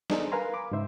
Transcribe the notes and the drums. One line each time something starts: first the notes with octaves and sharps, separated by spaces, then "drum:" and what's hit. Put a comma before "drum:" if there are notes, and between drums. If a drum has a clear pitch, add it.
B3 D4 D#4 G#4 A4 C5, drum: snare
A#4 B4 F5 G#5 A#5 C6
B5 D6
G#2 C#3 G#3 C5 E5